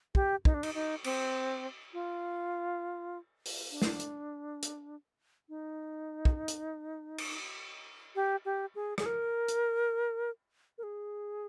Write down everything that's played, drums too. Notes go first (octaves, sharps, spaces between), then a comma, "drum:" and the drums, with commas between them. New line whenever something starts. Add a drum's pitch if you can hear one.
G4, drum: kick
D#4, drum: kick
D4
D#4, drum: cymbal
D#4
C4, drum: cymbal
F4
drum: open hi-hat
D4
drum: snare
drum: hi-hat
drum: hi-hat
D#4
drum: kick
drum: hi-hat
drum: cymbal
G4
G4
G#4
G#4, drum: rim click
A#4
drum: hi-hat
A#4
G#4